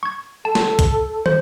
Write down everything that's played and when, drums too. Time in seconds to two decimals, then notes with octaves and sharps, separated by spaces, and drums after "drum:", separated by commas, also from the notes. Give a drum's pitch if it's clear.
0.03 C#6 G#6
0.45 A4 A5
0.55 drum: snare
0.79 drum: kick B1, hi-hat
1.26 C5, drum: tom